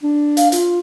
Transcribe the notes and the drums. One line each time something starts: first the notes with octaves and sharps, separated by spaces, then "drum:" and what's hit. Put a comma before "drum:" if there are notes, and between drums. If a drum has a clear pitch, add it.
D4
F5, drum: hi-hat
F4, drum: hi-hat